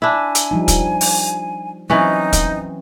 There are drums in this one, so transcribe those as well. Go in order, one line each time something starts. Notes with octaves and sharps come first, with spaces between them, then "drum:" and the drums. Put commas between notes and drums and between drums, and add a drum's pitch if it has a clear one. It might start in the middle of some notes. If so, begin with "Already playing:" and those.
D4 E4 G#5
drum: hi-hat
F3 G3 D#4
drum: kick, hi-hat
drum: open hi-hat
E3 F#3 C4 C#4 D#4
drum: kick, hi-hat